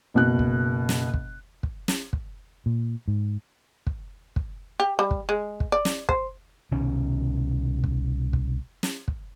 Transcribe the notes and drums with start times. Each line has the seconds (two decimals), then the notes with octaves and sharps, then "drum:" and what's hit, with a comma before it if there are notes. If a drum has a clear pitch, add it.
0.14 F#1 B2 F#6
0.39 drum: kick
0.89 drum: snare
1.14 drum: kick
1.63 drum: kick
1.88 drum: snare
2.13 drum: kick
2.66 A#2
3.08 G#2
3.87 drum: kick
4.36 drum: kick
4.80 G4
4.99 G3
5.11 drum: kick
5.29 G#3
5.60 drum: kick
5.72 D5
5.85 drum: snare
6.09 C5, drum: kick
6.71 C2 B2 D#3 C#4
7.84 drum: kick
8.33 drum: kick
8.83 drum: snare
9.08 drum: kick